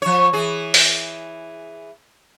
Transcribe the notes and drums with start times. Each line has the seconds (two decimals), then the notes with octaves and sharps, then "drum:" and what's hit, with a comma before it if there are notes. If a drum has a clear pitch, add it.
0.02 F3 C#5
0.33 E3 G#4
0.74 drum: open hi-hat